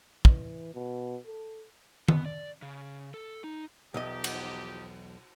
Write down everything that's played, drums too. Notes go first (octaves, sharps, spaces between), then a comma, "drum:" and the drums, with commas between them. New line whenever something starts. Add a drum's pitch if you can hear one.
E3, drum: kick
B2
A4
B3, drum: tom D#3
D5
C#3
A4
D#4
B1 E2 F3 D#4 G4 D#5
drum: cymbal